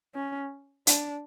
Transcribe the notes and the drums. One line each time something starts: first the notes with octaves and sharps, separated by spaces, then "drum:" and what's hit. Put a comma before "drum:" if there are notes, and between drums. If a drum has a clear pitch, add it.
C#4
D4, drum: hi-hat